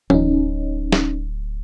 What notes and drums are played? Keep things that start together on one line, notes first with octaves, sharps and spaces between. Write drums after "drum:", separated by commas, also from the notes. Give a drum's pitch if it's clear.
D1 C#4 D#4, drum: tom E3
drum: snare